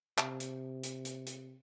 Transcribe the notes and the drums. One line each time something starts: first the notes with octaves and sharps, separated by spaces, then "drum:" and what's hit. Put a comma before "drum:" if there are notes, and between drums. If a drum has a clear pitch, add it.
C3, drum: clap
drum: hi-hat
drum: hi-hat
drum: hi-hat
drum: hi-hat